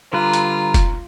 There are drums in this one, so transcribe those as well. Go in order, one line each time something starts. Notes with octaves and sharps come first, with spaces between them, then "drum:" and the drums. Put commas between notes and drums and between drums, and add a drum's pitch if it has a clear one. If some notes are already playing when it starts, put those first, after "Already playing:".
D3 G3 F4 B4 A#5
drum: hi-hat
drum: kick F1, hi-hat